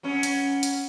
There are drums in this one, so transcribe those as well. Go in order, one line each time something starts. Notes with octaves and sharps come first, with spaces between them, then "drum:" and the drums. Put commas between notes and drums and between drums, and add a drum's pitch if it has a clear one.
F#3 B3 C#4
drum: hi-hat
drum: hi-hat